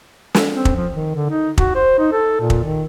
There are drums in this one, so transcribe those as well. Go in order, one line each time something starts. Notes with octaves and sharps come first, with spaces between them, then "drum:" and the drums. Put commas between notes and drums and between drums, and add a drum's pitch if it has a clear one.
drum: snare
C4
drum: kick
F3
D#3
D3
D#4
F#4, drum: kick
C5
D#4
A4
A#2
drum: kick
D#3